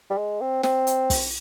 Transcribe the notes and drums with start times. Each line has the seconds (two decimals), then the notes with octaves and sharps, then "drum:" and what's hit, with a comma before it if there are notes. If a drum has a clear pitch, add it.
0.10 G3
0.18 G#3
0.41 C4
0.63 C4, drum: snare
0.87 drum: hi-hat
1.10 drum: kick, open hi-hat